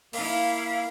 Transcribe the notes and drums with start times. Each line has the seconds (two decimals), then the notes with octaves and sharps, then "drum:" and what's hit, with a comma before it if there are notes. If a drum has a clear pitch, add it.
0.13 A#3 E4 F5, drum: open hi-hat